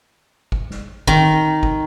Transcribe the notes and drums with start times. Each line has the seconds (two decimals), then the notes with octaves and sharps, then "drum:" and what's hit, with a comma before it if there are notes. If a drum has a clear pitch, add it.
0.52 drum: kick
0.71 drum: snare
1.07 D#3, drum: kick
1.63 drum: kick